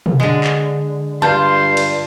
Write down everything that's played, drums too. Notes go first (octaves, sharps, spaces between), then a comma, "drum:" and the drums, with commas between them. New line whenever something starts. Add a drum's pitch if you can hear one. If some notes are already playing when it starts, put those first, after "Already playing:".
drum: tom B2
D3 G#3
drum: clap
G2 F4 A5 C6 G6
drum: cymbal